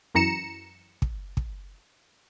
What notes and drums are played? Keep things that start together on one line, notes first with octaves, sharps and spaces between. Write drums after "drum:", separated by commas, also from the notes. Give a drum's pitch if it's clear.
F#2 E3 A#5 C#7 E7
drum: kick
drum: kick